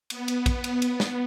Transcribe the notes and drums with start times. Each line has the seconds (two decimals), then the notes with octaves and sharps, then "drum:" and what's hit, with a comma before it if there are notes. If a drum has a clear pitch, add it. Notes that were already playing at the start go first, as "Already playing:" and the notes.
0.10 B3, drum: cymbal
0.28 drum: cymbal
0.46 drum: kick, cymbal
0.64 drum: cymbal
0.82 drum: cymbal
1.00 drum: snare